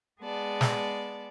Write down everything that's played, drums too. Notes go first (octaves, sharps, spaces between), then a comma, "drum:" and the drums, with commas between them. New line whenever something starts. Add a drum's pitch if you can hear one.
G#3 B3 G#4 D5 A5
drum: snare